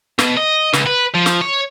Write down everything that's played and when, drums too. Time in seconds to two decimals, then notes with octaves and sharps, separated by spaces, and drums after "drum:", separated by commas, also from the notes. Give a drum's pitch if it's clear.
0.19 B2, drum: snare
0.37 D#5
0.73 C#2, drum: snare
0.86 B4
1.14 F3
1.26 drum: snare
1.41 C#5